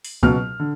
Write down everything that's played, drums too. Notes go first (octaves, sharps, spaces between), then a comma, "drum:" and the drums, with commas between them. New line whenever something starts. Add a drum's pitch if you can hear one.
drum: open hi-hat
C#2 B2 F#3 F6, drum: kick
D3